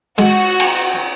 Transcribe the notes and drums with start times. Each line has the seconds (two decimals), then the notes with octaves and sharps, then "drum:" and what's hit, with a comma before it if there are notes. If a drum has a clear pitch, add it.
0.18 G#3 F#4, drum: cymbal
0.60 drum: cymbal